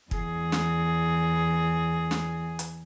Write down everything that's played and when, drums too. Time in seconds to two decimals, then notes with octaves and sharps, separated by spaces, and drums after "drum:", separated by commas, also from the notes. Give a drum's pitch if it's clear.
0.11 E2 G#4, drum: kick
0.52 drum: snare
2.11 drum: snare
2.59 drum: hi-hat